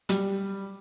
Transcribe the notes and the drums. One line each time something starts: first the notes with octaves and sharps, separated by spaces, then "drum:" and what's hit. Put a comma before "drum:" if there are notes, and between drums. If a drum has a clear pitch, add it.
G3, drum: hi-hat